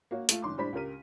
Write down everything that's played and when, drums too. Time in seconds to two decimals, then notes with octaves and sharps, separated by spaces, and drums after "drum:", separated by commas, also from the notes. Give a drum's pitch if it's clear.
0.11 A#3 F#4 C#5
0.29 A3 F4, drum: hi-hat
0.42 F#1 D#3 C6 D6
0.57 A2 G3 D4 C5 B5 B6
0.73 C#2 G4 A#4 D#7